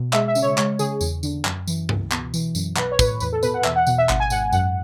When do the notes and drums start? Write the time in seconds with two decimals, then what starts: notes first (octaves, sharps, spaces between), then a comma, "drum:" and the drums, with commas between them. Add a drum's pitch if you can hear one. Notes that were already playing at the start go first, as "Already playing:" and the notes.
Already playing: B2
0.13 G#3 E5, drum: clap
0.28 E5
0.35 C#3, drum: tambourine
0.42 C#5
0.58 G#3 C#5, drum: clap
0.79 C#3 G#4, drum: tambourine
1.01 E2, drum: tambourine
1.23 D3, drum: tambourine
1.45 F#2, drum: clap
1.67 E3, drum: tambourine
1.89 C#2, drum: tom G2
2.12 B2, drum: clap
2.34 E3, drum: tambourine
2.55 F#2, drum: tambourine
2.76 B1 B4, drum: clap
2.92 C#5
2.99 A2 B4, drum: kick, tambourine
3.06 C#5
3.20 E2 B4, drum: tambourine
3.33 A4
3.43 B2 B4, drum: tambourine
3.54 F#5
3.64 E2 E5, drum: clap
3.76 F#5
3.87 B2 F#5, drum: tambourine
3.98 E5
4.09 G#1 F#5, drum: clap
4.20 G#5
4.30 G#2 F#5, drum: tambourine
4.52 F#2 F#5, drum: tambourine